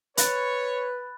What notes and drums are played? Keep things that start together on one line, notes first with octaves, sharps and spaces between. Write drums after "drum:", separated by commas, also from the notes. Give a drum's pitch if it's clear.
B4 C#5 B5 F#6 A6, drum: hi-hat